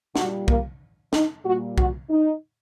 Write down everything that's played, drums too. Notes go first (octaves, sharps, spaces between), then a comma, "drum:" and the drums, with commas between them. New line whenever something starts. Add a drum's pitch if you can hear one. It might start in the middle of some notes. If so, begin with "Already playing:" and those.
A#2 G3 F#4, drum: snare
A#3, drum: kick B1
D#4, drum: snare
A#2 G3 F#4
F#4, drum: kick B1
D#4